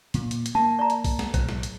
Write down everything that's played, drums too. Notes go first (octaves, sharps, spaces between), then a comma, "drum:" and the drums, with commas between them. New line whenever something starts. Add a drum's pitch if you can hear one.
A#2, drum: hi-hat
drum: hi-hat
drum: hi-hat
A#3 A5
D5 A#5
drum: hi-hat
drum: kick, open hi-hat
drum: snare
B1 A2 C5, drum: kick, hi-hat
drum: snare
drum: hi-hat